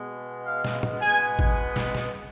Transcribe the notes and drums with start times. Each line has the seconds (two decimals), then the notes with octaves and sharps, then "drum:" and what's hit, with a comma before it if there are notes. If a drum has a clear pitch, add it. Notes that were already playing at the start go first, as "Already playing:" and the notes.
Already playing: B2 G#3 B3
0.46 F5
0.64 drum: snare
0.83 drum: tom
1.01 B2 G#3 B3 G#5
1.39 drum: kick A1
1.76 drum: snare
1.95 drum: snare